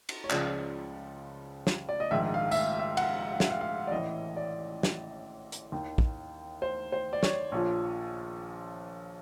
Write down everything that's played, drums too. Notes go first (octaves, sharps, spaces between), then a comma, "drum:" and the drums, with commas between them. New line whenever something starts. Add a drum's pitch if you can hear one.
drum: cymbal
C#5
C#2 C#3 F3 D5, drum: clap
drum: snare
D5
D#5
A#1 G#2 D#3 E5
F5
E5, drum: tambourine
F5
E5
F#5, drum: cymbal
F5
F5
E5, drum: snare
F5
F5
D5
A1 A2 E3 D#5
D5
drum: snare
drum: hi-hat
D#2 D#3
drum: kick
C5
C5
D5
C#5, drum: snare
A#1 A#2 F3 C#5